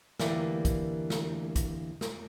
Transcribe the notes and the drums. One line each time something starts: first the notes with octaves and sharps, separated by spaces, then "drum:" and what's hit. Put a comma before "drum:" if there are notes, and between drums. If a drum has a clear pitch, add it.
D3 E3 G3 A#3 D5, drum: snare
drum: kick, hi-hat
drum: snare
drum: kick, hi-hat
drum: snare